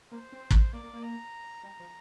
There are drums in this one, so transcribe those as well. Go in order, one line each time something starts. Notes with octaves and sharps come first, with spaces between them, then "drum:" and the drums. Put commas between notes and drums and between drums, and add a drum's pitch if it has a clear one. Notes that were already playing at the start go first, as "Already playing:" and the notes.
A#3 C5
C4
drum: kick
A#3 D5
A#3
A#3
A#5
G3 A#5
F3